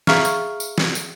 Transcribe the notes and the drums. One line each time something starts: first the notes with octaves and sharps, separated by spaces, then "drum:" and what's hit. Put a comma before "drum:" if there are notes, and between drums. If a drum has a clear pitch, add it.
G#4 E5 F5 A#5 C#6 F6, drum: snare
drum: tambourine
drum: tambourine
drum: snare
drum: tambourine